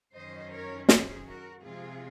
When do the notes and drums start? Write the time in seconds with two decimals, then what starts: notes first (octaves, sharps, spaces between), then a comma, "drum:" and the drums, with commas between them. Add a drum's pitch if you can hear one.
0.15 F#2 D#3 F#3 C#4 C5 D#5
0.53 A#4 C#5
0.89 G#4 C5, drum: snare
1.26 F#4 A#4
1.63 C3 F3 G#3 F4 G#4